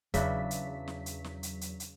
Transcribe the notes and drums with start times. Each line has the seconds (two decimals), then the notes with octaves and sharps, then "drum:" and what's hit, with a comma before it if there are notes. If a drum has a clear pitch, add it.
0.14 E2 C#3 F#3 D4 E4 B6, drum: kick, hi-hat
0.51 drum: hi-hat
0.88 drum: snare
1.06 drum: hi-hat
1.24 drum: snare
1.43 drum: hi-hat
1.61 drum: hi-hat
1.80 drum: hi-hat